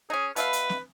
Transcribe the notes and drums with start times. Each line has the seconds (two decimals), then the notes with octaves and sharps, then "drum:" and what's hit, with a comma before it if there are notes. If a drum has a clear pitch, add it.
0.10 C#4 D#4 G#4
0.36 B2 B4 E5 F5, drum: hi-hat
0.53 drum: hi-hat
0.69 drum: snare